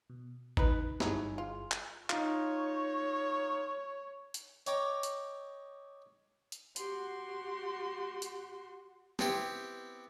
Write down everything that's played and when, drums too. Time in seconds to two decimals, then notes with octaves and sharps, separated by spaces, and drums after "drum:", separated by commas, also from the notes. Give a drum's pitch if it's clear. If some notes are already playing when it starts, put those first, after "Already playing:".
0.10 B2
0.57 C#2 D#4 B4, drum: kick
1.00 G1 G2 F#3 D#4 E4 G#4, drum: snare
1.38 F4
1.71 drum: clap
2.10 D#4 F4 C#5, drum: clap
4.34 drum: hi-hat
4.66 C#5 D#5 G5 A#5 D6, drum: hi-hat
5.03 drum: hi-hat
6.52 drum: hi-hat
6.76 F#4 G4 F#5 C6, drum: hi-hat
8.22 drum: hi-hat
9.19 B3 C4 E4 G4, drum: snare